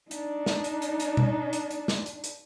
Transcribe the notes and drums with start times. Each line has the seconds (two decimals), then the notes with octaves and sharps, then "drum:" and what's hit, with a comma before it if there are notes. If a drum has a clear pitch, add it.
0.11 D4 D#4, drum: hi-hat
0.46 drum: snare
0.64 drum: hi-hat
0.82 drum: hi-hat
1.00 drum: hi-hat
1.17 drum: tom B2
1.53 drum: hi-hat
1.71 drum: hi-hat
1.88 drum: snare
2.06 drum: hi-hat
2.24 drum: hi-hat